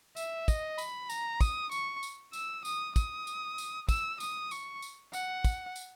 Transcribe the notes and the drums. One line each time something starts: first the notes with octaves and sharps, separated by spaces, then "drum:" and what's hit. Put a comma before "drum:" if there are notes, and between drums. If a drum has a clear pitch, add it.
E5, drum: tambourine
D#5, drum: kick, tambourine
B5, drum: tambourine
A#5, drum: tambourine
D#6, drum: kick, tambourine
C#6, drum: tambourine
drum: tambourine
E6, drum: tambourine
D#6, drum: tambourine
D#6, drum: kick, tambourine
drum: tambourine
drum: tambourine
E6, drum: kick, tambourine
D#6, drum: tambourine
C#6, drum: tambourine
drum: tambourine
F#5, drum: tambourine
drum: kick, tambourine
drum: tambourine